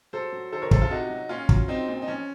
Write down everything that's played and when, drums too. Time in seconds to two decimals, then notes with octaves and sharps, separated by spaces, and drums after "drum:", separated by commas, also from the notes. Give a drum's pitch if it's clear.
0.13 F#3 A4 C5
0.32 F#3
0.52 D#3 A4 C5
0.62 A#4 C#5
0.71 C3 A4 C5, drum: kick
0.82 F4 A4
0.91 C3 D#4 F#4
1.10 F#3
1.29 A#2 C#4 F4
1.49 F#3, drum: kick
1.68 F#3 C4 D#4
1.88 A#2 C4
2.02 D#4
2.08 F3 C#4